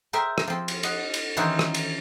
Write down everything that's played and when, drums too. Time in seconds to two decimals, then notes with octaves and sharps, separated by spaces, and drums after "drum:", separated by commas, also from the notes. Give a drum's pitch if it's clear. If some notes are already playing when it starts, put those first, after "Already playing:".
0.13 G#4 A#4 C5 E5 G5
0.38 drum: rim click
0.48 F3 C4
0.68 drum: cymbal
0.83 D#5 F#5, drum: cymbal
1.14 drum: cymbal
1.37 D#3 E3 C#4 F#4 A#4 C5
1.59 drum: rim click
1.74 drum: cymbal